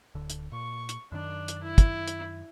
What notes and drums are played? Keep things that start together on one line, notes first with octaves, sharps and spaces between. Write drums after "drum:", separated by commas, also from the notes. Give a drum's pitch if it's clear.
D1 D3
drum: hi-hat
A#2 C#6
drum: hi-hat
F#2 D#3 D4
drum: hi-hat
E4
drum: kick, hi-hat
drum: hi-hat